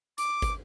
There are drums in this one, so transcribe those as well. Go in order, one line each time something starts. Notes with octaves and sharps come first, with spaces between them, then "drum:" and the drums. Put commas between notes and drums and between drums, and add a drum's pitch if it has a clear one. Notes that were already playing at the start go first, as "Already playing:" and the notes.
D6, drum: hi-hat
drum: kick, hi-hat